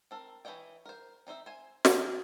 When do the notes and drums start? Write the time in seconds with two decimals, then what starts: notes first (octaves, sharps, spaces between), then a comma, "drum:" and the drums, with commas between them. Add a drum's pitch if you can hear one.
0.11 C4 A4 A#4
0.45 E3 B4 C#5 D#5 G5
0.86 A#4 C5
1.27 C4 D#4 C5 E5
1.46 C5 G#5
1.85 A3 C4 E4 G#4, drum: snare